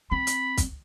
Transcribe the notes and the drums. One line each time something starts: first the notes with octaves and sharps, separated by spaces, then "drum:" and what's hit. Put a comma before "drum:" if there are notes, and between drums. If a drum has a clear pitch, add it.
C4 B5
drum: hi-hat
drum: kick, hi-hat